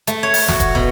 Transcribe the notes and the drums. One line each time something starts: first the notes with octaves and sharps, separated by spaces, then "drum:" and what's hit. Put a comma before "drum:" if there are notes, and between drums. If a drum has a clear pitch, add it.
A3, drum: hi-hat
C#5
drum: open hi-hat
F#4, drum: snare
drum: kick, hi-hat
B2, drum: kick